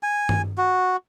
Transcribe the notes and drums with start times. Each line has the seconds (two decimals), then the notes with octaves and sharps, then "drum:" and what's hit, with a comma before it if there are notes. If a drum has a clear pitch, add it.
0.03 G#5
0.29 drum: tom G2
0.58 F#4